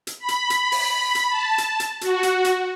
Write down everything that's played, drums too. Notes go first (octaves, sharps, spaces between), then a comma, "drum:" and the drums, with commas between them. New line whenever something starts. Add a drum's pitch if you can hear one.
drum: hi-hat
B5
drum: hi-hat
drum: hi-hat
drum: open hi-hat
drum: hi-hat
A5
drum: hi-hat
drum: hi-hat
F#4, drum: hi-hat
drum: hi-hat
drum: hi-hat